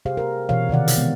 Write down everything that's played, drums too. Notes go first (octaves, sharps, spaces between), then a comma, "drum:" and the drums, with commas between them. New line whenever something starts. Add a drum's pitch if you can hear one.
C3 G4 G#4 C5 F5
G4 A#4
B2 E3 C#5 F5
C3 D#3 D5 F#5
drum: hi-hat
G#3 B3